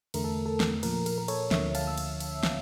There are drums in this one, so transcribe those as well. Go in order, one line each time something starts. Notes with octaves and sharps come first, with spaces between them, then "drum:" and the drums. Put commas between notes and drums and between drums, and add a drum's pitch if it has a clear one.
E2 D3 A3 A#4, drum: cymbal
A4
A4
drum: snare
A#2 F3 A#3 A#4, drum: cymbal
A#4, drum: cymbal
A#4
A4 C#5, drum: cymbal
D2 D3 F3 A#3 C#5 E5, drum: snare
F5 A5, drum: cymbal
E6
drum: cymbal
drum: cymbal
drum: snare